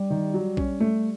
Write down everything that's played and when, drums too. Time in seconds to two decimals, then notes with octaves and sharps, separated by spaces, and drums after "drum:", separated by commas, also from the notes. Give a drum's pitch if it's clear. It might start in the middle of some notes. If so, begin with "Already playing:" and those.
Already playing: G3
0.10 D#3
0.34 F#3
0.57 C#4, drum: kick A#1
0.80 A3